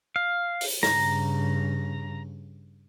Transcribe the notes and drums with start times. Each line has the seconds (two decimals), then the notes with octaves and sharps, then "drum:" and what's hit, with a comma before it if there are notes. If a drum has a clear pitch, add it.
0.16 F5
0.61 drum: open hi-hat
0.83 G2 C#3 A#5, drum: snare